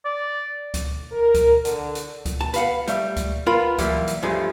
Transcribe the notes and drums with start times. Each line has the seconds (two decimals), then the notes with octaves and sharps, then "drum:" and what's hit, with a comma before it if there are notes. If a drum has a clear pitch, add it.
0.05 D5
0.74 drum: kick C#2, hi-hat
1.12 A#4
1.34 drum: kick C#2, hi-hat
1.65 D3, drum: hi-hat
1.95 drum: hi-hat
2.25 drum: kick C#2, hi-hat
2.41 A5
2.54 B4 F5 F#5, drum: hi-hat
2.87 G3 A3, drum: hi-hat
3.16 drum: kick C#2, hi-hat
3.46 B3 F4 A#4 B5
3.78 E3 F#3 G3 A#3, drum: kick C#2, hi-hat
4.08 drum: hi-hat
4.23 G2 F3 G#3 A3